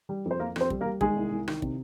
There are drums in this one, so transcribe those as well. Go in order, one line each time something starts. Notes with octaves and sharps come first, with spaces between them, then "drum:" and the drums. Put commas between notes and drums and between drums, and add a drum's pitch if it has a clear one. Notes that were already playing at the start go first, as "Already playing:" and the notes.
G3
F2
C5
F2 A#3 A#4
F2, drum: rim click
C4 C5
G3, drum: kick
A#3 A#4
G3
D#3 G#3 G#4, drum: kick
C2
C2
D#3, drum: rim click
C3, drum: kick